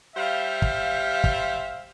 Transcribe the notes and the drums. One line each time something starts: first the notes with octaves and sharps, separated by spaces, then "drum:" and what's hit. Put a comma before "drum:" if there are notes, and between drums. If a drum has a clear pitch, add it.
G3 C5 E5 F5
drum: kick
drum: kick